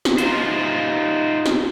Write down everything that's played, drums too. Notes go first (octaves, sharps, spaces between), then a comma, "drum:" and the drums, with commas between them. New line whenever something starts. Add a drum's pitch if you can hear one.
drum: snare
D#4 F4 C5, drum: hi-hat
drum: snare